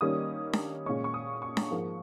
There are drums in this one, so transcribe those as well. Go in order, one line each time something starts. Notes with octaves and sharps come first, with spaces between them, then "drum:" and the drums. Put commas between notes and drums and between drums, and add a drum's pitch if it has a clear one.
D#3 G3 A#3 C#4 D#6
drum: snare D4
A#2 G#3 C#4 C#6
C#6
D#6
C#6
drum: snare D4
G#2 F3 A#3